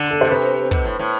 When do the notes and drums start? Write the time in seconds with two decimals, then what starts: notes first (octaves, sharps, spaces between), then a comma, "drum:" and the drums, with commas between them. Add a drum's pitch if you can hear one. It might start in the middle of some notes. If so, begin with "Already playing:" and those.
Already playing: D3
0.11 A4
0.21 B2 C5
0.31 C3 B4
0.71 B2, drum: kick
0.85 A2
0.99 A2